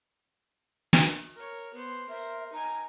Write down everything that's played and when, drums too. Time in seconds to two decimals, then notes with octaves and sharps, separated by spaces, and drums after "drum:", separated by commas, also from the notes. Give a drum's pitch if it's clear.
0.93 drum: snare
1.35 A#4 C#5
1.74 B3 C5
2.09 A#4 C5 E5
2.53 D#4 G#5 A#5